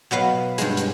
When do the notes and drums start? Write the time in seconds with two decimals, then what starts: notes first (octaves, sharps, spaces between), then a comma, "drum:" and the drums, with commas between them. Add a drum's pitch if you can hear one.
0.11 B2 F#3 B4 F5
0.58 G2 G#3, drum: hi-hat
0.77 drum: hi-hat